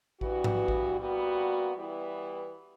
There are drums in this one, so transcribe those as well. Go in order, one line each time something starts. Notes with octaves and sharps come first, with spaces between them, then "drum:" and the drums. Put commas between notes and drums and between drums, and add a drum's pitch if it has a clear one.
G2 E3 G3 B3 F#4, drum: kick A1
drum: tom G#2
drum: kick A1
A#2 G3 B3 F#4
E3 G3 B3 E4